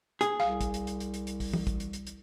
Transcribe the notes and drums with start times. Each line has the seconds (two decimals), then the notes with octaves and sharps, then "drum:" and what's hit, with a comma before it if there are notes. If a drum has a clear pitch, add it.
0.21 G#4, drum: hi-hat
0.40 C2 F5
0.61 drum: kick, hi-hat
0.74 drum: hi-hat
0.87 drum: hi-hat
1.00 drum: hi-hat
1.14 drum: hi-hat
1.27 drum: hi-hat
1.40 drum: kick, open hi-hat
1.54 drum: tom E3
1.67 drum: kick, hi-hat
1.80 drum: hi-hat
1.93 drum: hi-hat
2.07 drum: hi-hat